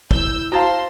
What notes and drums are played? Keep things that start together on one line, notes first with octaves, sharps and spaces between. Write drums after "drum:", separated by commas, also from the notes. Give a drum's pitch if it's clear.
E4 E6 G6, drum: kick
F#4 C5 F5 A5 A#5 C6